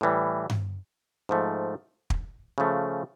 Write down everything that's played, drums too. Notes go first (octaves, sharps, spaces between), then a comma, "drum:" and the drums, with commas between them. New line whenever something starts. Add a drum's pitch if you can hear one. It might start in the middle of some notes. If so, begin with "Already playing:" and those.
A2 E3 G3
drum: tom G2
G#2 F3 A3
drum: kick
C#3 F3 A3